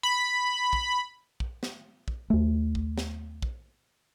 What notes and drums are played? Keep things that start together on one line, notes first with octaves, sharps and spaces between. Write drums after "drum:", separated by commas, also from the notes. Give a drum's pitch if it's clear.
B5
drum: kick
drum: kick
drum: snare
drum: kick
D#2 A3
drum: kick
drum: snare
drum: kick